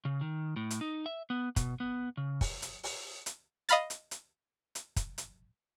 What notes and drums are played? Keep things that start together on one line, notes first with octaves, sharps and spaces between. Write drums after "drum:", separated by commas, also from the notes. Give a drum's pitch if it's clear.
C#3
D#3
A2
drum: hi-hat
D#4
E5
B3
B2, drum: kick, hi-hat
B3
C#3
drum: kick, open hi-hat
drum: hi-hat
drum: open hi-hat
drum: hi-hat
D#5 F5 B5 F6 A6, drum: hi-hat
drum: hi-hat
drum: hi-hat
drum: hi-hat
drum: kick, hi-hat
drum: hi-hat